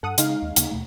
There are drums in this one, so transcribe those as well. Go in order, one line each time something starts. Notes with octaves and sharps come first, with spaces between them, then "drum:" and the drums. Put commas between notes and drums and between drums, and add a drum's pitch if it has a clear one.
G2 A4 F#5 D#6
C#3 G#3 D#4 F5, drum: hi-hat
D#2
D#2 C#3 A#3, drum: hi-hat
D#2 B2 A3